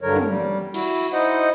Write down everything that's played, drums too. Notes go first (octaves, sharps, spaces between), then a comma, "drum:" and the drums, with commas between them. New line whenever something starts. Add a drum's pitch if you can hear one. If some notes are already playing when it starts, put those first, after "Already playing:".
G2 D3 F#3 A#4 C#5
drum: tom
G3
E4 F#4, drum: cymbal
D#4 E4 C5 D#5 F#5